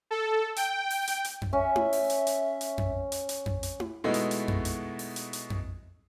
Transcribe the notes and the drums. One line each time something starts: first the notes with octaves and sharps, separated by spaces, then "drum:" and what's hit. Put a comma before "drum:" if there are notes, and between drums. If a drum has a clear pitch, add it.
A4
G5, drum: hi-hat
drum: open hi-hat
drum: hi-hat
drum: hi-hat
drum: tom F2
C#4 E5
drum: tom E4
drum: open hi-hat
drum: hi-hat
drum: hi-hat
drum: hi-hat
drum: tom F2
drum: hi-hat
drum: hi-hat
drum: tom F2
drum: hi-hat
drum: tom E4
B2 G#3 A3 B3 D#4 E4
drum: hi-hat
drum: hi-hat
drum: tom F2
drum: hi-hat
drum: open hi-hat
drum: hi-hat
drum: hi-hat
drum: tom F2